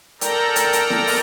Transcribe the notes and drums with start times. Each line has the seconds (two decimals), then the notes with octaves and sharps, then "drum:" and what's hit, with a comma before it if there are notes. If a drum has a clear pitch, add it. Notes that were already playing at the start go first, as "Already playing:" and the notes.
0.21 A4 A#4 D5 G5 A#5, drum: hi-hat
0.56 drum: hi-hat
0.73 drum: hi-hat
0.90 drum: snare E4
1.07 drum: open hi-hat